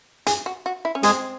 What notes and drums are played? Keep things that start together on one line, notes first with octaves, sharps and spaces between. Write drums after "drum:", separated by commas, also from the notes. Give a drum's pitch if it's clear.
G#4, drum: hi-hat
F#4
F#4
E4
C#4
G#3 C4 G#4, drum: hi-hat